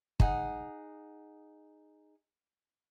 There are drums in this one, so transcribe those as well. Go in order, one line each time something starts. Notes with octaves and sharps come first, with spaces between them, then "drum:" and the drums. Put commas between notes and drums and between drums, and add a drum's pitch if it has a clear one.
D#4 G#4 F#5, drum: kick